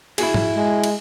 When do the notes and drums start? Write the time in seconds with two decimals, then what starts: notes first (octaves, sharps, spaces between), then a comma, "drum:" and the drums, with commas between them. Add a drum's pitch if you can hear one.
0.18 E4 F#4 G#4, drum: cymbal
0.34 drum: tom G#2
0.56 G#3
0.84 drum: cymbal